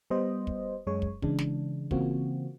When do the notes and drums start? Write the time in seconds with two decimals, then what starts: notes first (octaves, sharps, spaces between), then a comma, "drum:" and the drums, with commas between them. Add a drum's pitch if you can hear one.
0.10 G3 B3 C5 D#5
0.47 drum: kick
0.87 F#2 G#3 C#5
1.02 drum: kick
1.22 C#3 E3 G#3 D4, drum: kick
1.39 drum: snare
1.91 C#3 E3 A#3 C4 F4 F#4, drum: kick